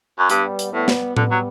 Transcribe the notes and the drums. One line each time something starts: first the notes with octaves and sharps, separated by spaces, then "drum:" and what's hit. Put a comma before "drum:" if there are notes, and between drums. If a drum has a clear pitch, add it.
F#2
G2 G3 B3, drum: hi-hat
drum: hi-hat
A2 G3 B3
drum: snare
D3 G3 B3, drum: tom A2
F#3